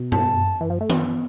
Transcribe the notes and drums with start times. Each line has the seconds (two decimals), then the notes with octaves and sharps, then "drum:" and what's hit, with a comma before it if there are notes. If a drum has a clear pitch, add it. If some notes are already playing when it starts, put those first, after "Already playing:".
Already playing: B2
0.12 A5, drum: tom F#2
0.61 E3
0.70 F3
0.81 A3
0.90 B3, drum: tom D#3